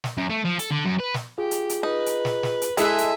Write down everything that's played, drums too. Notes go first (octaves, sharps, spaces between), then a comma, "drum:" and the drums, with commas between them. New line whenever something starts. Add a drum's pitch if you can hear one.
drum: snare
F#2
A3
F3
A4, drum: hi-hat
D3
F#2
B4
drum: snare
F4 G4 G#4
drum: hi-hat
drum: hi-hat
D#4 B4
drum: hi-hat
drum: snare
drum: snare
drum: hi-hat
G#3 E4 G#4 A4 D#5 E5 G#5 F#6, drum: hi-hat
drum: hi-hat